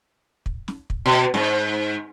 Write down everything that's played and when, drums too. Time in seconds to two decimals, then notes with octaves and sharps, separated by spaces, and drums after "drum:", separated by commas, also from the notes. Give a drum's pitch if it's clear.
0.46 drum: kick
0.68 drum: snare
0.90 drum: kick
1.06 B2
1.34 G#2, drum: snare